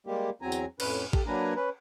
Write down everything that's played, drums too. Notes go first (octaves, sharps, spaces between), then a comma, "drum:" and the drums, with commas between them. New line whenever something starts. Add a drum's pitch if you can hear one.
G3 G#3 A#3 G4
E2 F#3 C4 G#5 A#5
drum: tambourine
F2 A2 C#4 B4, drum: cymbal
G4 A4, drum: kick A1
F#3 A#3 D4 B4 G#5 A#5
C#4 B4